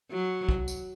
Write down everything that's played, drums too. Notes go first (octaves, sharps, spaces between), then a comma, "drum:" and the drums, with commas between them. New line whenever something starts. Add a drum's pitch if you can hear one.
F#3
drum: kick
drum: tambourine